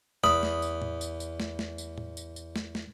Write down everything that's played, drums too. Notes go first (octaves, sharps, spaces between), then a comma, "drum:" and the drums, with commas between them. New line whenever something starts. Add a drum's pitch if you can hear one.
E2 B5 D#6, drum: snare
drum: snare
drum: tambourine
drum: tom A2
drum: tambourine
drum: tambourine
drum: snare
drum: snare
drum: tambourine
drum: tom A2
drum: tambourine
drum: tambourine
drum: snare
drum: snare